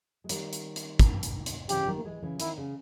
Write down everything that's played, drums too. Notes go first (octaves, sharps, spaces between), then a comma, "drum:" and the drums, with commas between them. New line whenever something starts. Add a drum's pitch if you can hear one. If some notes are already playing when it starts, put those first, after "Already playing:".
G#3
D#3 G3, drum: hi-hat
drum: hi-hat
drum: hi-hat
drum: kick, hi-hat
drum: hi-hat
drum: hi-hat
C#3 E3 G4, drum: hi-hat
D#3 G3
A#3
E3 G#3
C#3 E3
D#3 E4, drum: hi-hat
C#3